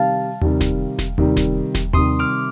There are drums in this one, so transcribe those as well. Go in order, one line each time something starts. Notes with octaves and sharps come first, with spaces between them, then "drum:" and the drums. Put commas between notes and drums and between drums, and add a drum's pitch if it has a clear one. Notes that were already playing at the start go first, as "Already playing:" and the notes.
Already playing: C3 D#3 G3 F5 A5
C3 D#3 G3, drum: tom D#2
drum: snare E1
drum: snare E1
C3 D#3 G3, drum: tom D#2
drum: snare E1
drum: snare E1
C3 D#3 G3 C6 D#6, drum: tom D#2
D6 F6